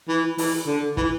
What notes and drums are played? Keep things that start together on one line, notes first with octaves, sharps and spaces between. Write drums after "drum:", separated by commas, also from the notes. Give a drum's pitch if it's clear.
E3
E3, drum: open hi-hat
D3
E3, drum: kick